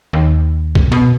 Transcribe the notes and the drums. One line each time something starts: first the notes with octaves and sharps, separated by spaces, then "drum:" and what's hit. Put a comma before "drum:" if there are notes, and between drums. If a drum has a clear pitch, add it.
D#2
drum: kick C#2
B2